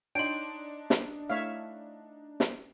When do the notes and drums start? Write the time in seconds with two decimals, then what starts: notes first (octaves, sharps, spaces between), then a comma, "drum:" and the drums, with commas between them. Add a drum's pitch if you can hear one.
0.15 D4 D#4 C#5 G5 C6 D7 F#7
0.90 drum: snare
1.30 A3 E4 C#5 E5 F5
2.40 drum: snare